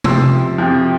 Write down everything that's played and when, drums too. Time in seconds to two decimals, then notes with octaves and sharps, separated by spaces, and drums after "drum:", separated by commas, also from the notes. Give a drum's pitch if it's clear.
0.04 F2 C3 F3 C6 E6, drum: tom C3
0.58 F2 C3 F3